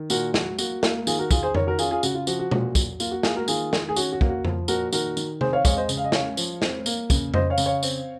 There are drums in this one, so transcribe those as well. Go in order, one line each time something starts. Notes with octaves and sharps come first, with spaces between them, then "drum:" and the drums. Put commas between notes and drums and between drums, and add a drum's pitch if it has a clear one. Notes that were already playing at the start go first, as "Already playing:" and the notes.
Already playing: D#3
A#2 F#4 A#4, drum: tambourine
F#3 F#4, drum: snare
A#3 F#4, drum: tambourine
A#3, drum: snare
D#3 F4 G#4, drum: tambourine
F#4 A#4
D#3 F4 G#4, drum: kick, tambourine
G#4 C5
D#3 A#4 C#5, drum: tom F2
F#4 A#4
C#4 F4 G#4, drum: tambourine
F4 G#4
C#3 F#4, drum: tambourine
F4
F3 F#4, drum: tambourine
F#4
A#2, drum: tom B2
F#3, drum: kick, tambourine
A#3 F4, drum: tambourine
F#4
A#3 F4 G#4, drum: snare
F#4 A#4
D#3 F4 G#4, drum: tambourine
D#3, drum: snare
G#4
C#4 F#4, drum: tambourine
F#4
A#3, drum: kick
F#4
F3, drum: tom F2
A#2 F#4 A#4, drum: tambourine
D#3 F#4 A#4, drum: tambourine
D#3, drum: tambourine
C4 G#4 C5, drum: tom C3
C#5 F5
G#3 C#5 F5, drum: kick, tambourine
C5 D#5
C#3, drum: tambourine
F5
D#5
C#4 C#5 F5, drum: snare
F3, drum: tambourine
C4, drum: snare
A#3, drum: tambourine
C#3, drum: kick, tambourine
C#3 C5 D#5, drum: tom F2
C#5 F5
C#3, drum: tambourine
C#5 F5
C4, drum: tambourine